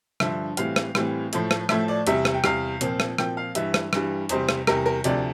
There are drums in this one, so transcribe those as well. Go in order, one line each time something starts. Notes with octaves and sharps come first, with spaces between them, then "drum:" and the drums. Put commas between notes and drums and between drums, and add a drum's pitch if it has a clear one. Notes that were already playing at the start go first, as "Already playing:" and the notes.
G2 D3 F3 E5, drum: rim click
A2 E3 G3 C4 F5, drum: hi-hat
drum: rim click
A2 E3 G3 C4, drum: rim click
A2 F3 A3, drum: hi-hat
drum: rim click
A2 F3 A3 E5, drum: rim click
D5
E2 C3 G3 E5, drum: hi-hat
drum: rim click
G5
E2 C3 G3 F5, drum: rim click
A#2 F3 C4, drum: hi-hat
drum: rim click
A#2 F3 C4 G5, drum: rim click
F5
G2 E3 G3 E5, drum: hi-hat
drum: rim click
G2 E3 G3, drum: rim click
E2 C3 G3 C5, drum: hi-hat
drum: rim click
E2 C3 G3 A#4, drum: rim click
A#4
D2 C3 F3 C4 D5, drum: hi-hat